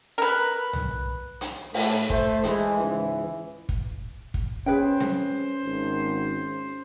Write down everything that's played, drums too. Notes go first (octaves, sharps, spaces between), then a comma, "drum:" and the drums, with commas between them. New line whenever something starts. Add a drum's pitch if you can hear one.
A#4 B4
drum: tom
drum: hi-hat
A2, drum: open hi-hat
A3 C5, drum: kick
E3 G#3, drum: hi-hat
C#2 G#2 E3
drum: kick
drum: kick
C#4 G#4 B4 C5 G5
drum: snare C4
G#1